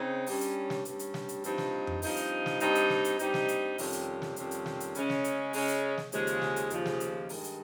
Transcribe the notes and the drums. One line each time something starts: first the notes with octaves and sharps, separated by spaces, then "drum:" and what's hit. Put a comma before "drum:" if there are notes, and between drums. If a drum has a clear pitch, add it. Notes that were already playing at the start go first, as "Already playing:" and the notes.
Already playing: C#3 C4 D#4
G2 G3 C#4, drum: open hi-hat
drum: hi-hat
drum: snare
G2 G3 C#4, drum: hi-hat
drum: hi-hat
drum: snare
drum: hi-hat
G2 F3 C4 D#4, drum: hi-hat
drum: snare
drum: tom F2
G2 F3 C4 D#4, drum: open hi-hat
drum: hi-hat
drum: snare
G2 G3 C4 D#4, drum: hi-hat
drum: hi-hat
drum: snare
drum: hi-hat
G2 G3 C4 D#4, drum: hi-hat
drum: snare
drum: hi-hat
F2 C3 D#3 G3 C#4, drum: open hi-hat
drum: hi-hat
drum: snare
F2 C3 D#3 G3 C#4, drum: hi-hat
drum: hi-hat
drum: snare
drum: hi-hat
C#3 G#3 C#4, drum: hi-hat
drum: snare
drum: hi-hat
C#3 G#3 C#4, drum: open hi-hat
drum: hi-hat
drum: snare
D#2 C#3 F3 G#3, drum: hi-hat
drum: hi-hat
drum: snare
drum: hi-hat
D#2 C#3 F3 G#3, drum: hi-hat
drum: snare
drum: hi-hat
G2 D#3 G#3, drum: open hi-hat
drum: hi-hat